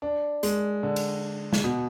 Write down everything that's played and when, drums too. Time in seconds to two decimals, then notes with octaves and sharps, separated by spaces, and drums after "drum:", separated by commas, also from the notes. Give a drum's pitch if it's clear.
0.02 D4
0.43 G#3, drum: hi-hat
0.83 D3
0.96 drum: cymbal
1.53 drum: snare
1.64 B2